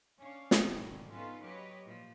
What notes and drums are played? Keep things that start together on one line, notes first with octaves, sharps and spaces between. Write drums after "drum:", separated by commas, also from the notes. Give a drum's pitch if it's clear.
C#4 D4 C#5 F5
drum: snare
G#2 B2 D3 D#3 F#3 G3
B3 C#4 D#4 F4 A4 B4
F#3 G4 B4 C#5 D#5
A#2 F3